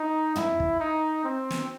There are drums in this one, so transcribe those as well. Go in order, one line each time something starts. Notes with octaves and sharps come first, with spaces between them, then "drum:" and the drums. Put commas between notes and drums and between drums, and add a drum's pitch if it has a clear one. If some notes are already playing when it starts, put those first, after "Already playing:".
Already playing: D#4
E4, drum: tom
drum: kick
D#4
C4
drum: snare